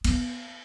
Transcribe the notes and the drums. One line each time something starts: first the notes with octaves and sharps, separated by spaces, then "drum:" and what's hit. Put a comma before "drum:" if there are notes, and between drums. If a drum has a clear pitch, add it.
B3, drum: cymbal